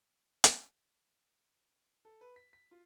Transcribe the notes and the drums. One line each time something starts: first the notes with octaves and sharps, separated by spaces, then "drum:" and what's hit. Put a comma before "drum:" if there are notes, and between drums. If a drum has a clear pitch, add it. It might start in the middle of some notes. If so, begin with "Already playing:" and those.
drum: hi-hat
A4
B4
B6
B6
F4